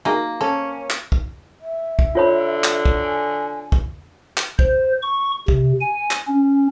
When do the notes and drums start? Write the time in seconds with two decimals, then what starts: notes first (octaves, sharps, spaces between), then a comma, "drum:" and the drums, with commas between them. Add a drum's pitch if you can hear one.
0.05 F#3 A#3 D#4 G#4
0.41 C#4 A4
0.90 drum: clap
1.12 drum: kick
1.61 E5
1.99 drum: kick
2.15 D3 F4 C#5 B5
2.64 drum: clap
2.85 drum: kick
3.00 G#5
3.72 drum: kick
4.37 drum: clap
4.59 C5, drum: kick
5.02 C#6
5.48 C3, drum: kick
5.81 G#5
6.11 drum: clap
6.27 C#4